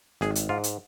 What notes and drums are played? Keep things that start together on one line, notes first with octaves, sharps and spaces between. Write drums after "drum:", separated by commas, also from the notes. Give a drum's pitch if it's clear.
G#1 G#4, drum: snare
drum: hi-hat
G#2 F4
drum: hi-hat